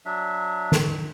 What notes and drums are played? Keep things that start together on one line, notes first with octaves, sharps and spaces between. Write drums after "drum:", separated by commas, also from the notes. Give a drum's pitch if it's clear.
F#3 D4 E5
drum: snare